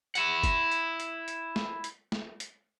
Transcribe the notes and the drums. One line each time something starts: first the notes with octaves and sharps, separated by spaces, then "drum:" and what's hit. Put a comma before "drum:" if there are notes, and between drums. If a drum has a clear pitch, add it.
E4 F#5, drum: hi-hat
drum: kick, hi-hat
drum: hi-hat
drum: hi-hat
drum: hi-hat
drum: snare
drum: hi-hat
drum: snare
drum: hi-hat